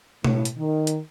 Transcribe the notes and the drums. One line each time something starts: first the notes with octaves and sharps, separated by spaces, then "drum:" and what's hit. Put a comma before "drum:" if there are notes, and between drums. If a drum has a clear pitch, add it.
A2, drum: tom B2
drum: hi-hat
D#3
drum: hi-hat